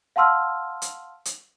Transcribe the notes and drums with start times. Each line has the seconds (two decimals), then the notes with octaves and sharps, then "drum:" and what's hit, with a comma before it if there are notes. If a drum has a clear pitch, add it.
0.16 F5 F#5 A5 C6 E6 F6
0.82 drum: hi-hat
1.25 drum: hi-hat